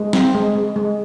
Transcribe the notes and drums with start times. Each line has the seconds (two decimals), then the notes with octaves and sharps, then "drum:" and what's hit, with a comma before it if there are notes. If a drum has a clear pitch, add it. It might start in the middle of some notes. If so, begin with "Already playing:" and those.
Already playing: G#3
0.13 C4, drum: snare
0.35 G#3
0.55 G#3
0.76 G#3